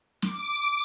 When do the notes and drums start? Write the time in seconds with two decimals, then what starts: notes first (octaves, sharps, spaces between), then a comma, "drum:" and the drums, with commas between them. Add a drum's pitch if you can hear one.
0.22 D6, drum: snare